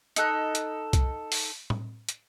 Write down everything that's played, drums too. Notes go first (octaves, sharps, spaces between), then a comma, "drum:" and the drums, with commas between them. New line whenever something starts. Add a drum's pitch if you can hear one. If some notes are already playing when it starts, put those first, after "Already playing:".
D#4 A4 F#6, drum: hi-hat
drum: hi-hat
drum: kick C2, hi-hat
drum: open hi-hat
drum: tom A2
drum: hi-hat